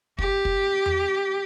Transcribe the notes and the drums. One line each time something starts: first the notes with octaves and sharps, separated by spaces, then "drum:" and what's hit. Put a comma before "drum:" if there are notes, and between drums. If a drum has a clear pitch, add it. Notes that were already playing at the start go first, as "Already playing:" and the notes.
G4, drum: kick
drum: kick
drum: tom E2